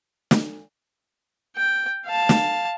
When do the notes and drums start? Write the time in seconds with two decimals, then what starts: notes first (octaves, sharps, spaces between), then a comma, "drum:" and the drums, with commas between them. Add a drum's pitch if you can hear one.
0.31 drum: snare
1.57 G5
2.05 F5 A5
2.29 drum: snare